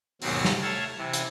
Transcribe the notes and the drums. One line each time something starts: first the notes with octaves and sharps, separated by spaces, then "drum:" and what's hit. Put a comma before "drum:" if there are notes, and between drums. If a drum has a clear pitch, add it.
D#2 G#2 B2 F#3 C4, drum: open hi-hat
drum: snare
A3 C#5 F5 E6 G#6 A6
C3 E3
drum: hi-hat